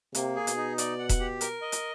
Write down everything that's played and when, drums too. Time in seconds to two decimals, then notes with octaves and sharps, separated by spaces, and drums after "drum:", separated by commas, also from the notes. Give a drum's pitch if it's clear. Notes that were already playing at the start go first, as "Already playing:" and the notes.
0.15 C3 A#3, drum: hi-hat
0.36 G#4
0.47 B2, drum: hi-hat
0.57 D#4
0.78 D5, drum: hi-hat
0.99 F#5
1.09 drum: kick E1, hi-hat
1.20 G4
1.41 A#4, drum: hi-hat
1.62 D#5
1.72 drum: hi-hat